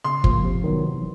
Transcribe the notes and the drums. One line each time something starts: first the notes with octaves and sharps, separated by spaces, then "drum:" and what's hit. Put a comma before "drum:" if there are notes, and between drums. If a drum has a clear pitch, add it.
C#3 C6
F3 A#3, drum: kick
C3
D#3 F#3 B3
E3